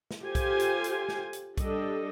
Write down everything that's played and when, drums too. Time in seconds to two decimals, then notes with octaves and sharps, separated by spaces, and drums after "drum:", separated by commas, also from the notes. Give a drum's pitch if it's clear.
0.11 drum: snare
0.23 F4 G4 A4 C5 G#5
0.35 drum: kick B1, hi-hat
0.60 drum: hi-hat
0.84 drum: hi-hat
1.09 drum: snare
1.33 drum: hi-hat
1.57 G3 D4 A4 D#5, drum: kick B1, hi-hat